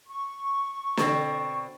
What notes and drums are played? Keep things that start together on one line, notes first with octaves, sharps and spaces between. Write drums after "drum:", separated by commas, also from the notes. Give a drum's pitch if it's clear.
C#6
B2 D3 C4, drum: snare